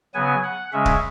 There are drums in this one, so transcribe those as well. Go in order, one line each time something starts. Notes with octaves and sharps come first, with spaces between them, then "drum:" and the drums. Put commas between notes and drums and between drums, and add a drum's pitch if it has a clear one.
C#3 F#3 B3 G#5
F#5
C#3 G#3 C#4 E5
drum: kick